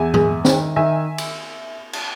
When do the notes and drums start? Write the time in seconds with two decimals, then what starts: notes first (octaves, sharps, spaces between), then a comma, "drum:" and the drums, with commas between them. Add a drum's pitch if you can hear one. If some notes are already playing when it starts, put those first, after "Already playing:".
Already playing: E2 E5 G#5
0.14 G#3, drum: tom G2
0.45 D#3, drum: snare
0.76 D#3 E5 G#5
1.18 drum: cymbal
1.93 drum: cymbal